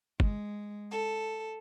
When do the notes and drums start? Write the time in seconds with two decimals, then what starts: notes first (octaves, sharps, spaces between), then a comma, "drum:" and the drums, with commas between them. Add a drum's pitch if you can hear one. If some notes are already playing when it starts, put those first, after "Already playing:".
0.20 G#3, drum: kick
0.91 A4